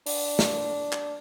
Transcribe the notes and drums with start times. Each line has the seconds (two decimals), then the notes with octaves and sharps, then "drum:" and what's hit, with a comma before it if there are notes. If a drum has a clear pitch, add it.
0.06 D4, drum: open hi-hat
0.39 drum: snare
0.92 drum: clap